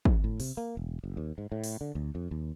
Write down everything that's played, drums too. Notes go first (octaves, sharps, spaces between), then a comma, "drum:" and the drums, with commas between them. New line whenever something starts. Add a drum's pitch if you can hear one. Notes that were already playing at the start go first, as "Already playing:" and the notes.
drum: kick
A2
C3, drum: open hi-hat
A#3
E1
F#1
D#2
G#2
A2
drum: open hi-hat
D3
D2
F2
D#2